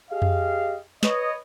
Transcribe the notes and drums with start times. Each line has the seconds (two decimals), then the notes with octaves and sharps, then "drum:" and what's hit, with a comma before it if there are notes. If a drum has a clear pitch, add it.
0.11 G4 G#4 D#5 F5
0.22 drum: tom F2
1.03 B4 C#5 D#5, drum: snare